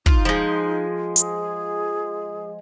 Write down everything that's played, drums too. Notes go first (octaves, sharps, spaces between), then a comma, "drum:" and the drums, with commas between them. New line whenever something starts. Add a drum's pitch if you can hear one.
D#4 F4, drum: kick
F3 G#3
G#4, drum: hi-hat